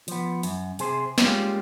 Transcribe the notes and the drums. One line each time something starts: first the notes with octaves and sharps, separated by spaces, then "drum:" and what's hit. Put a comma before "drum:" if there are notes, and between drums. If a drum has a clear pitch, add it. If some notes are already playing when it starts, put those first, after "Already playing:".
F3 B3, drum: hi-hat
F#2, drum: hi-hat
C3 G#4 C5, drum: hi-hat
G3 G#3 A#3 C#4 F4 G4, drum: snare